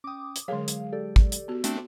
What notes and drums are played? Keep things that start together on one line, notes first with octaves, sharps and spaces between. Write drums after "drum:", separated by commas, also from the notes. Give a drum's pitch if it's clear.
C#4 G5 D6 D#6
drum: hi-hat
D3 F#3 G#3 G#4 A#4 C#5 F5
drum: hi-hat
G4 A4 D5
drum: kick
drum: hi-hat
B3 F#4
A3 C4 D4, drum: hi-hat